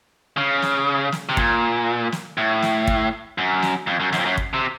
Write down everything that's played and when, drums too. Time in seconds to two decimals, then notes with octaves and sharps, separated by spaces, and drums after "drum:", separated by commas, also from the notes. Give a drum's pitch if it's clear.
0.37 C#3
0.62 drum: snare
1.12 drum: snare
1.29 C3
1.37 A#2, drum: kick
2.12 drum: snare
2.38 A2
2.62 drum: snare
2.87 drum: kick
3.38 F#2
3.62 drum: snare
3.87 F2
4.00 F#2
4.13 F#2, drum: snare
4.18 F2
4.25 F#2
4.37 drum: kick
4.54 C3